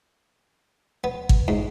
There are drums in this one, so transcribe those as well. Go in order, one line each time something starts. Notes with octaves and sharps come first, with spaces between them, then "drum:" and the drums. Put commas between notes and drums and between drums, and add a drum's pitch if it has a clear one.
B3
drum: kick
G#2